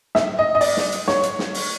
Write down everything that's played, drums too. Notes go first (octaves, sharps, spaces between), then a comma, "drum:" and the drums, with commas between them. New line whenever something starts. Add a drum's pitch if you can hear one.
E5, drum: snare
D#5
D#5
D5, drum: open hi-hat
drum: snare
drum: hi-hat
C#5, drum: snare
drum: hi-hat
drum: snare
drum: open hi-hat